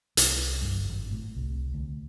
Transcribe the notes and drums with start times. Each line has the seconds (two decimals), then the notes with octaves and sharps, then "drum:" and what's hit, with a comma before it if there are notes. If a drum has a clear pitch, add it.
0.17 C2, drum: hi-hat
0.62 G2
0.75 G1
0.89 G#1
1.11 A2
1.36 C2
1.74 D2